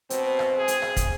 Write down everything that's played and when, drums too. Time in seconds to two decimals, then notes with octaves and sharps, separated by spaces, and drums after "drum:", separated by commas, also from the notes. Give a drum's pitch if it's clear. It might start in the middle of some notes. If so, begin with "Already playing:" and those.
0.10 B2 C4, drum: hi-hat
0.39 drum: rim click
0.57 G#4
0.68 drum: hi-hat
0.82 drum: rim click
0.97 drum: kick, hi-hat